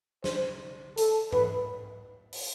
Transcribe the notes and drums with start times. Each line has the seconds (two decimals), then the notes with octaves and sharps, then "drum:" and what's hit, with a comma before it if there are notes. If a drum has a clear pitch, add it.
0.24 C5, drum: snare
0.97 A4, drum: hi-hat
1.32 B4, drum: tom G#2
2.33 drum: open hi-hat